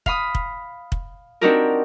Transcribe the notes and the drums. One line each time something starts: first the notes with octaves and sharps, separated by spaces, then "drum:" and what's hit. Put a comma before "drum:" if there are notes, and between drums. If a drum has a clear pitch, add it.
F5 B5 D#6, drum: kick
drum: kick
drum: kick
C4 D4 D#4 F#4 G4 A#4